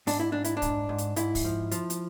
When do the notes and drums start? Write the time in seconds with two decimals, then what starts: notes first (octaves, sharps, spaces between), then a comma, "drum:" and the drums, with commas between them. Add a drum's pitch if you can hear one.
0.07 G#2 D4, drum: open hi-hat
0.20 E4
0.32 G#2 D4
0.44 E4, drum: hi-hat
0.57 D4
0.62 G#2, drum: kick, hi-hat
0.89 G#2
0.98 drum: hi-hat
1.16 G#2 E4, drum: hi-hat
1.35 drum: kick, open hi-hat
1.45 F3
1.71 F3, drum: hi-hat
1.90 drum: hi-hat